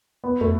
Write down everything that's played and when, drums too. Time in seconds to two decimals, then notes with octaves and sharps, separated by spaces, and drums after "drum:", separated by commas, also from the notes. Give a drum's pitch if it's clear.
0.24 B3
0.41 A3, drum: tom